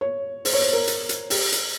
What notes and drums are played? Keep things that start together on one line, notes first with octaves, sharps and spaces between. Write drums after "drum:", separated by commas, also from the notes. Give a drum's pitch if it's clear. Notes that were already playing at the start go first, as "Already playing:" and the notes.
C#5
C5, drum: open hi-hat
C#5
C5
A#4
drum: hi-hat
drum: hi-hat
G4, drum: open hi-hat
drum: hi-hat